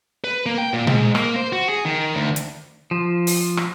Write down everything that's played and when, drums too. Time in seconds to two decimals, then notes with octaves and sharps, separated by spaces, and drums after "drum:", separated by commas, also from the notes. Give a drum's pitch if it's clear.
0.24 B4
0.46 A#3
0.58 G5
0.74 A#2
0.87 G#2, drum: tom A#2
1.15 A#3, drum: rim click
1.36 C5
1.53 F#4
1.69 G#4
1.85 D#3
2.15 D2
2.36 drum: hi-hat
2.91 F3
3.27 drum: open hi-hat
3.57 drum: rim click